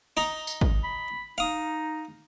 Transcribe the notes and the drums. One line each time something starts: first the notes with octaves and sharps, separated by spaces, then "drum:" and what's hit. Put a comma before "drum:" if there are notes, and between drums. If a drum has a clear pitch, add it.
D#4 A#5
drum: tambourine
drum: kick
B5
D#4 F5 D#6